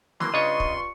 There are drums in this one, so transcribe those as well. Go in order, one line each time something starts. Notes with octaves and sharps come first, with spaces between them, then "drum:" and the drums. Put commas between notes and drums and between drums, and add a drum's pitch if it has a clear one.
E3 F#3 A#3 C6, drum: snare
G2 C#3 D4 F4 C#5 D#5 C#6
drum: kick